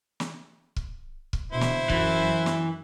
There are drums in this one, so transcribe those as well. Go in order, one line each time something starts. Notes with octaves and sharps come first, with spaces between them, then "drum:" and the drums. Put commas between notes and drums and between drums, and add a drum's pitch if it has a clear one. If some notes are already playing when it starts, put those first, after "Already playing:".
drum: snare
drum: kick
drum: kick
B2 D3 E4 C5
drum: snare
F#2 E3 F#3, drum: kick
drum: snare